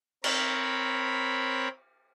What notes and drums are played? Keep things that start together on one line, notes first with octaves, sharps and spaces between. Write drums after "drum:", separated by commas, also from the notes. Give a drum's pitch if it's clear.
C4 A#4 C#5 B5, drum: cymbal